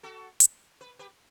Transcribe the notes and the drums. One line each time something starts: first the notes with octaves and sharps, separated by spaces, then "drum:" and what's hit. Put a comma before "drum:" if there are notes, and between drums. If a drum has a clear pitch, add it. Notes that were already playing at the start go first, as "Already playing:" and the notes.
F#4 A4
drum: hi-hat
B4
G4 B4